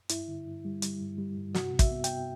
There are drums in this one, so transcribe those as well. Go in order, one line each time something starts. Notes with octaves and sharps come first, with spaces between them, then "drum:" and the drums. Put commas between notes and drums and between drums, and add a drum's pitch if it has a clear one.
G2 E4, drum: hi-hat
D3
G2
G3
G3, drum: hi-hat
G2
G3
G2
C3 F#4, drum: snare
C3
E5, drum: kick, hi-hat
B3
G5, drum: hi-hat
B3